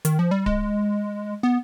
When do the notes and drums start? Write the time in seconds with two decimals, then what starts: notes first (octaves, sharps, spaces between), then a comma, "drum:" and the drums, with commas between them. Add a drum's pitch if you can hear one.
0.05 D#3, drum: hi-hat
0.19 F3
0.31 G3
0.46 G#3, drum: kick D1
1.43 B3